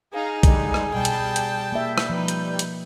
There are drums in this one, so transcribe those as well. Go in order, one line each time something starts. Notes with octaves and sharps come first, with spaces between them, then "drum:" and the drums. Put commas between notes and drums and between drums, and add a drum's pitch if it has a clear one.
D#4 G#4 F5 G#5 A#5
D3 G3 G#3, drum: kick, hi-hat
drum: rim click
B2 G3 G5 A5 G6
drum: hi-hat
drum: hi-hat
A#3 E5
drum: rim click
F3 D#4 B4
drum: hi-hat
drum: hi-hat